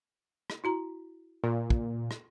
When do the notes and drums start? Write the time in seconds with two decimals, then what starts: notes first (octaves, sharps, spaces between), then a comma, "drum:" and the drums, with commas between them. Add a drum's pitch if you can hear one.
0.50 drum: rim click
0.64 E4 F#4 A#5
1.44 A#2 F4
1.70 drum: kick
2.11 drum: rim click